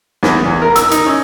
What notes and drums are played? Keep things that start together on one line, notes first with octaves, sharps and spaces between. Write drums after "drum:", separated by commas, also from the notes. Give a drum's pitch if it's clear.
E2, drum: snare
E2
A#4
E6, drum: hi-hat
D#4, drum: hi-hat
C#4